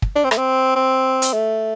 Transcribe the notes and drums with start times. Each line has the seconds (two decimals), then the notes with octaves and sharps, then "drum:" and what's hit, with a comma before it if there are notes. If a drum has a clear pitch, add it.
0.02 drum: kick
0.16 D4
0.24 C4
0.31 A3, drum: rim click
0.38 C4
0.76 C4
1.22 drum: hi-hat
1.33 A3